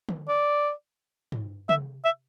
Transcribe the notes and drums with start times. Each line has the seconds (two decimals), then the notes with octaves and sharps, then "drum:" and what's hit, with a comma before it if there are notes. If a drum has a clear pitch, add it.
0.09 drum: tom D3
0.28 D5
1.32 drum: tom
1.69 E5, drum: tom
2.05 E5